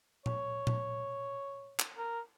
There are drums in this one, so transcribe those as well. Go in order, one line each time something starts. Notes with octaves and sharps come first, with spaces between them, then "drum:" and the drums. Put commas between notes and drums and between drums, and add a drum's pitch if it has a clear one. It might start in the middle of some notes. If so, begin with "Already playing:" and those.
C#5, drum: tom A#2
drum: tom A#2
drum: clap
A#4